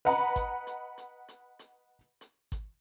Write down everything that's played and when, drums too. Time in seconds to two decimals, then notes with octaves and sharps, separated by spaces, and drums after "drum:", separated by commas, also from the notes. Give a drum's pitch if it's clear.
0.05 B4 D#5 F#5 A#5 B5, drum: open hi-hat
0.36 drum: kick G#1, hi-hat
0.67 drum: hi-hat
0.98 drum: hi-hat
1.28 drum: hi-hat
1.59 drum: hi-hat
2.21 drum: hi-hat
2.52 drum: kick G#1, hi-hat